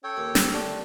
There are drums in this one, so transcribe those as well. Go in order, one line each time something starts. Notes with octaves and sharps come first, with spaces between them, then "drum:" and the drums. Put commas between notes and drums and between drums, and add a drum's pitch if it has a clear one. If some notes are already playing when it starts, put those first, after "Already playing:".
C#4 A4 C#5 G5
D#2 A#4
drum: snare
D3 A3 D4 G4